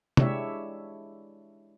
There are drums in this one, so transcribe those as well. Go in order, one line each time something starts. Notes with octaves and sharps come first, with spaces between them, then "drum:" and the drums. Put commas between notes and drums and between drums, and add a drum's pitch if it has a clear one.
G#3 D4 E4 G4 C#5 E5, drum: tom